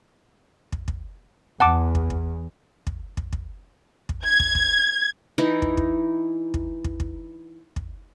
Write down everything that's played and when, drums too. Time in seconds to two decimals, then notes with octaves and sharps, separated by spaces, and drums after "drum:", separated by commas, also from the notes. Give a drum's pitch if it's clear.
0.72 drum: kick
0.88 drum: kick
1.60 E2 F#5 A5 D6
1.95 drum: kick
2.10 drum: kick
2.87 drum: kick
3.17 drum: kick
3.33 drum: kick
4.09 drum: kick
4.24 G#6
4.40 drum: kick
4.55 drum: kick
5.38 E3 D#4 E4
5.62 drum: kick
5.77 drum: kick
6.54 drum: kick
6.84 drum: kick
7.00 drum: kick
7.76 drum: kick